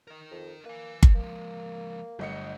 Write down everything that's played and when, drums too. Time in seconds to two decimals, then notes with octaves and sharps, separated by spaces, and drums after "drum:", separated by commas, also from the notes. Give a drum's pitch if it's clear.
0.07 A#4 D#5
0.31 F2
0.65 A#3 B4 G#5
1.03 drum: kick G1
1.15 F3 G#3 A#3
2.19 G1 F#3 A3 D#5 C#7